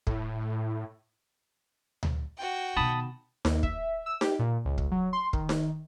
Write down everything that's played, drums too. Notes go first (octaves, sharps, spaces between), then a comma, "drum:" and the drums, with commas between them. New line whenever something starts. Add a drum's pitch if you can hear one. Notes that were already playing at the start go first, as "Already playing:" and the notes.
A2, drum: kick
drum: tom D2
F#4 G5
B2 D#3 A5 B5 D#6
D#2, drum: snare D#4
E5, drum: kick
E6
G4, drum: snare D#4
A#2
C#2
drum: kick
F#3
C6
D#3, drum: kick
drum: snare D#4